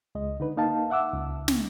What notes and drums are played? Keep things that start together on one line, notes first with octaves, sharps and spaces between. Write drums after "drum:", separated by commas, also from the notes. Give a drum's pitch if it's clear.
C#2 G#3 D#5
D3 D#4 B4
A#3 D#4 F5 A5
E5 F#5 D6 E6
C#2
drum: snare